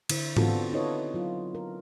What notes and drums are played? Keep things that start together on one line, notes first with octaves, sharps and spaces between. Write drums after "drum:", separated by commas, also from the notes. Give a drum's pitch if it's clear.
D3 E4 C5, drum: cymbal
B3 C4 D4 F4 F#4 A4, drum: tom G#2
D#4 E4 A4 B4 C#5 D#5
F#3 F4
A#4